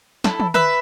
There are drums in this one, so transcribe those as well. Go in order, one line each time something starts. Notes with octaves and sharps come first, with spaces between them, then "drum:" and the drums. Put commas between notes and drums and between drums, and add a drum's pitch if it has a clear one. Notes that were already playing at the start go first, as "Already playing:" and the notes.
E4 A4, drum: snare
drum: tom
B4 E5, drum: tom D3